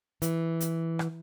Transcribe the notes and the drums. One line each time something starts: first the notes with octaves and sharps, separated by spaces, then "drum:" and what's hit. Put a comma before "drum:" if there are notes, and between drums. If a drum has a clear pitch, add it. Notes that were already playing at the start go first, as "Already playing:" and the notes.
E3, drum: hi-hat
drum: hi-hat
drum: rim click